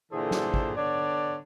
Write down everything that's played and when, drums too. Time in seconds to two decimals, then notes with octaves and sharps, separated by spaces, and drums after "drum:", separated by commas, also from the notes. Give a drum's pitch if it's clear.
0.11 A#2 D3 E3 G#4 A4 C5
0.31 drum: snare
0.54 drum: kick
0.77 D3 B3 C#5 D5